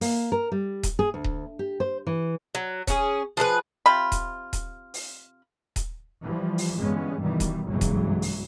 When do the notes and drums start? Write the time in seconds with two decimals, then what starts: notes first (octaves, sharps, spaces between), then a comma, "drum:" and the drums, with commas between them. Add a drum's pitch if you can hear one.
0.01 A#3, drum: open hi-hat
0.32 A#4
0.52 G3
0.83 drum: kick D#1, hi-hat
0.99 G#4
1.14 D2
1.24 drum: kick D#1
1.59 G4
1.80 C5
2.07 E3
2.55 F#3
2.87 C#4 G#4, drum: kick D#1, hi-hat
3.37 F3 G#4 A4 B4
3.86 C3 F4 B5
4.12 drum: kick D#1, hi-hat
4.53 drum: kick D#1, hi-hat
4.94 drum: open hi-hat
5.76 drum: kick D#1, hi-hat
6.23 E3 F3 G3
6.58 drum: open hi-hat
6.80 G1 G2 E3 G#3 B3 C#4
7.22 G2 B2 D#3 E3 G3
7.40 drum: kick D#1, hi-hat
7.67 F#1 B1 G2 E3 F#3 G#3
7.81 drum: kick D#1, hi-hat
8.22 drum: open hi-hat